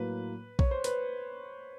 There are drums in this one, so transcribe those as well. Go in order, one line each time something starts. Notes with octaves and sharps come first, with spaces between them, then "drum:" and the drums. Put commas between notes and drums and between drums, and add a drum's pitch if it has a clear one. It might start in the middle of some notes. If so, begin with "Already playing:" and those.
Already playing: A2 F#3 A#3 B4
C#5, drum: kick B1
C5
B4, drum: hi-hat